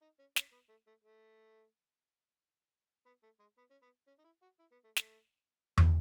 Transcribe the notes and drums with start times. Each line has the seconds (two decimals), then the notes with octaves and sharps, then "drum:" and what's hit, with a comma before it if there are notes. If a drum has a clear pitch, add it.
0.02 D#4
0.19 C#4
0.36 C#4, drum: snare
0.52 B3
0.69 A3
0.87 A3
1.04 A3
3.06 B3
3.23 A3
3.40 G#3
3.58 B3
3.70 C#4
3.82 B3
4.07 C#4
4.19 D#4
4.24 E4
4.42 F#4
4.59 E4
4.72 B3
4.84 A3
4.96 A3, drum: snare
5.78 A3, drum: tom E2